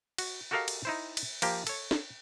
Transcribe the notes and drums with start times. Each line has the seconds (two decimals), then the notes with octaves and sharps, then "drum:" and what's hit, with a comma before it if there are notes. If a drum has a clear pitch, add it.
0.18 F#4, drum: cymbal
0.51 F#4 G4 A4 A#4 D#5 F5
0.68 drum: cymbal
0.85 D#4 E4 C5
1.17 drum: cymbal
1.42 F3 A#3 G4, drum: cymbal
1.67 A4 C#5, drum: cymbal
1.91 drum: snare